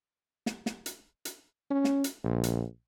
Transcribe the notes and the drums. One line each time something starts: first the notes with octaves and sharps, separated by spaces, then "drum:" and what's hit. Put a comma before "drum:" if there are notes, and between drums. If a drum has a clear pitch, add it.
drum: snare
drum: snare
drum: hi-hat
drum: hi-hat
C#4
drum: snare
drum: hi-hat
A#1
drum: hi-hat